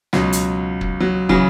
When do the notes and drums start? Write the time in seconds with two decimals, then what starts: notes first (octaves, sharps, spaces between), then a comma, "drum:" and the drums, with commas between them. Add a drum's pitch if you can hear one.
0.13 C#2 B2 F#3, drum: snare
0.33 drum: hi-hat
0.81 drum: kick
1.00 F#3
1.29 C#3 E3 F#3, drum: kick